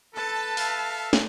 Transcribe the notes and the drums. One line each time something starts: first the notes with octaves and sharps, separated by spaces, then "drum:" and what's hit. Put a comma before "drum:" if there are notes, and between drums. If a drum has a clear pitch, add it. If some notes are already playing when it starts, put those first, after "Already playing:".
A4 B4 A5
A4 E5 F5, drum: open hi-hat
drum: snare